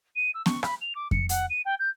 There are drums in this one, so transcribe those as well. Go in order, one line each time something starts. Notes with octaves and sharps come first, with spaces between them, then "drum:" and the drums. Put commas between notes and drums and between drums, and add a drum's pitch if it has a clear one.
D#7
E6
C#6, drum: snare
B5, drum: rim click
F7
D6
C#7, drum: kick F2
F#5, drum: hi-hat
D#7
G5
G6